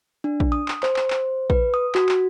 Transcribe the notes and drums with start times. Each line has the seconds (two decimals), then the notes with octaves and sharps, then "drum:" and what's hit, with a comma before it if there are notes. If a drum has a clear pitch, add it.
0.24 D4
0.40 drum: kick A#1
0.52 D#6
0.68 drum: clap
0.83 C5, drum: clap
0.96 drum: clap
1.10 drum: clap
1.50 B4, drum: kick A#1
1.74 D#6
1.95 F#4, drum: clap
2.09 drum: clap